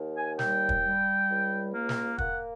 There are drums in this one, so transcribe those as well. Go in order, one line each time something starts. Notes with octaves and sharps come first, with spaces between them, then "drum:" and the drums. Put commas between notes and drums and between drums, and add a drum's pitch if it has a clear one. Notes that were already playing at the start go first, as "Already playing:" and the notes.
Already playing: D#2
G#5
G3 G5, drum: snare
drum: kick
G3
C#2
A#3
drum: snare
A#3 F#5, drum: kick